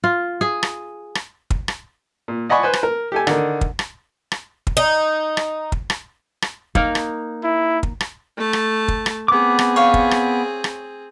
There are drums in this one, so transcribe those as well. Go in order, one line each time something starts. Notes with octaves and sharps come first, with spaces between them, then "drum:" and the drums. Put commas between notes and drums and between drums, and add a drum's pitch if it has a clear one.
F4
G#4
drum: rim click
drum: rim click
drum: kick
drum: rim click
A#2
D5 D#5 F#5 G#5 B5 C#6
B4 C5 G#5
drum: rim click
A#4
G4 A4 G#5
D3 D#3, drum: rim click
drum: kick
drum: rim click
drum: rim click
drum: kick
D#4
drum: rim click
drum: kick
drum: rim click
drum: rim click
A#3 D#4 A#4, drum: kick
drum: rim click
E4
drum: kick
drum: rim click
A3 A5
drum: rim click
drum: kick
drum: rim click
B3 C4 G#4 D6
drum: rim click
C#5 F5
drum: kick
drum: rim click
drum: rim click